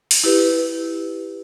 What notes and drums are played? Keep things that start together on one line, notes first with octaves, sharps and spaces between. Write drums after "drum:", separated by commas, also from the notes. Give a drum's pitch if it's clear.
drum: open hi-hat
E4 G4 B4